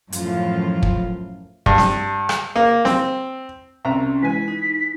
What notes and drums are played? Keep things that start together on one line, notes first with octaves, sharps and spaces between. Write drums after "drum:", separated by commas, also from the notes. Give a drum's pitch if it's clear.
F#2 A2 E3 F3 F4, drum: hi-hat
drum: kick
G2, drum: kick
drum: snare
drum: rim click
A#3
C4, drum: snare
C2 C#4 E5 A#5
E3 G#3 G#5 B6
D#4